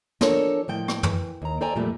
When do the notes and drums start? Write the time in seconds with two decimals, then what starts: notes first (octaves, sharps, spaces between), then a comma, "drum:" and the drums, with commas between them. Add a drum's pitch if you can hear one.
0.21 E3 F3 D4 A4 A#4 C#5, drum: snare
0.68 A2 F3 G5
0.88 drum: rim click
1.03 E3, drum: tom
1.42 D#2 A#5
1.61 A4 C5 D5 G5 G#5 A#5
1.75 F2 A#2 F3 G3 A3